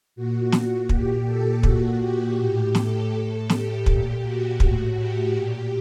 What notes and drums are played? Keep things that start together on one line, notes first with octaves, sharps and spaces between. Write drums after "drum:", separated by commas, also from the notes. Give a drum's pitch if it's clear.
A#2 F#4
drum: snare
A#2 G4, drum: kick
A4
A#2 F#4, drum: kick
G4
A2 G4
A4, drum: snare
A2
G4, drum: snare
A#2, drum: kick
F#4
A2, drum: kick
G4
A#2